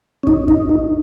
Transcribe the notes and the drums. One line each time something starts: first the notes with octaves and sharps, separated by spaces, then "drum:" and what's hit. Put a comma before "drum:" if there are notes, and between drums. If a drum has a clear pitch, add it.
C#4
D#4, drum: kick
D#4, drum: kick
D#4